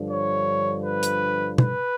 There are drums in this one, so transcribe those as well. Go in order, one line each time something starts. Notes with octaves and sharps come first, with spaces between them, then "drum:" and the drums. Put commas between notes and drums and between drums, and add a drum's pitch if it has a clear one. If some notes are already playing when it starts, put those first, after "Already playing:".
Already playing: G2 D3 F3
C#5
B4
drum: hi-hat
B4, drum: tom